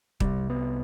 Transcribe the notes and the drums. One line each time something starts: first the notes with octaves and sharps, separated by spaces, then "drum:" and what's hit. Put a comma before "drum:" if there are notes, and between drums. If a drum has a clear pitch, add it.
C2 C3 G3, drum: kick
B3